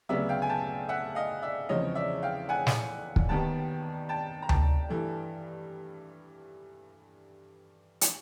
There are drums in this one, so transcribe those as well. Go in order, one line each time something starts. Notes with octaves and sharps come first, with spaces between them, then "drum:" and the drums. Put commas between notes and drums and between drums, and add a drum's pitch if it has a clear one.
D2 C#3 F#3 B3 D5 E5
F5 G5
G#5
G5 A5
E5 F#5
D#5 F5
D5 E5
E2 C#3 F3 G#3 C4 C#5 D#5
D5 E5
F5 G5
F#5 G#5
drum: snare
drum: kick
D#2 D#3 G3 B3 G5 A5
G5 A5
A#5
G5 A5, drum: tom D2
G2 E3 A3
drum: hi-hat